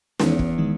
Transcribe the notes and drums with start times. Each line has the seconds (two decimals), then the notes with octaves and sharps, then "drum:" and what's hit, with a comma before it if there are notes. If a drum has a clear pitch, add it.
0.20 E2 D#3 G#3 D#4, drum: snare
0.39 drum: kick
0.58 D#3 G#3 D#4